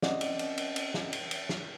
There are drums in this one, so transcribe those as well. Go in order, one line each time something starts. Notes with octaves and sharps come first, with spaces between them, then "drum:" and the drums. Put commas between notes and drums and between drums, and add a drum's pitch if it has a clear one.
C4 C#4 D5 D#5 F#5, drum: snare
drum: cymbal
drum: cymbal
drum: cymbal
drum: cymbal
drum: snare
drum: cymbal
drum: cymbal
drum: snare